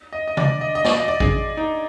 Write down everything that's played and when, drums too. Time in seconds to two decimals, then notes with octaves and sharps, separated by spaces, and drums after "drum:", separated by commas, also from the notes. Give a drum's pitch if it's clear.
0.13 D#5
0.28 D#5
0.37 D5, drum: tom C3
0.61 D#5
0.75 D#5
0.84 D5, drum: snare
0.97 D#5
1.08 D5
1.20 G#4, drum: kick A1
1.57 D#4